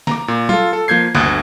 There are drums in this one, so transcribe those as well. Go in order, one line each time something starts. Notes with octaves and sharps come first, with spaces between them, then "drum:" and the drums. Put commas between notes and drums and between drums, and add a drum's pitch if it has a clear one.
A#5 D6, drum: snare
A#2
F4 A4, drum: tom F#3
A4
F3 A#3 G6 G#6 C7
G1 D2 D#6 F#6, drum: snare